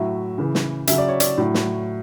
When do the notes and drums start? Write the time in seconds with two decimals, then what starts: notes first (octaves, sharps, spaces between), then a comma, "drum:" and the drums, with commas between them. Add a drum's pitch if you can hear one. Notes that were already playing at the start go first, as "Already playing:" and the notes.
Already playing: A2 F#3 E5
0.38 C#3 E3
0.55 drum: snare
0.87 C#3 F#3 E5, drum: hi-hat
0.98 D5
1.08 C#5
1.20 D5, drum: hi-hat
1.38 A2 F#3
1.54 drum: snare